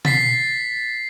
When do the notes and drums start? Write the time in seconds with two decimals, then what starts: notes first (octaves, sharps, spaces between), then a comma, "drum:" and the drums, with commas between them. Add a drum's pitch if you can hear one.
0.05 A6 B6 C7, drum: tom B2